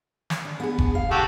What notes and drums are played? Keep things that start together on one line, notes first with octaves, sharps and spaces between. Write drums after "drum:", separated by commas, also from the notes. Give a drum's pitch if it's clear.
drum: snare
D4
B3 G#4
drum: kick F1
F5
C3 F#4 G4 A4